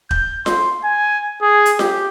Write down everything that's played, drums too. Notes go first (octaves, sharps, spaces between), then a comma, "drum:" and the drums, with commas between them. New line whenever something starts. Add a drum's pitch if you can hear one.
G6, drum: kick E1
C6, drum: snare F4
G#5
G#4
drum: hi-hat
G4, drum: snare F4